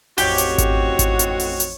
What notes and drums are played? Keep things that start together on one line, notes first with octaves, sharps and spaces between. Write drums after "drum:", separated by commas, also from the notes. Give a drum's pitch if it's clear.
A1 F2 C4 D#4 F#4 G4 C#5, drum: open hi-hat
drum: hi-hat
drum: kick G#1, hi-hat
drum: kick G#1, hi-hat
drum: hi-hat
drum: open hi-hat
drum: hi-hat